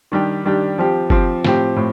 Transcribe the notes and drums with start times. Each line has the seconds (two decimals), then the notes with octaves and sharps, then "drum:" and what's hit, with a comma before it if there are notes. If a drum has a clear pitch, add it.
0.12 D#3 G3 D4 G4
0.45 D#3 G3 D4 G4
0.78 F3 C4 G4
1.10 F3 C4 G4, drum: kick F#1
1.45 A2 F3 C4 G4, drum: snare
1.76 A2